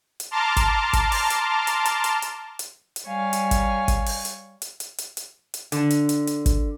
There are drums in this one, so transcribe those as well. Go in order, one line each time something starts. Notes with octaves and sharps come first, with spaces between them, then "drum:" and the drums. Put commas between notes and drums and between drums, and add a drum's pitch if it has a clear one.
drum: hi-hat
A5 A#5 C6 D6 F6
drum: kick G1, hi-hat
drum: kick G1, hi-hat
drum: open hi-hat
drum: hi-hat
drum: hi-hat
drum: hi-hat
drum: hi-hat
drum: hi-hat
drum: hi-hat
drum: hi-hat
G3 C#5 F5 G#5
drum: hi-hat
drum: kick G1, hi-hat
drum: kick G1, hi-hat
drum: open hi-hat
drum: hi-hat
drum: hi-hat
drum: hi-hat
drum: hi-hat
drum: hi-hat
drum: hi-hat
D3, drum: hi-hat
drum: hi-hat
drum: hi-hat
drum: hi-hat
drum: kick G1, hi-hat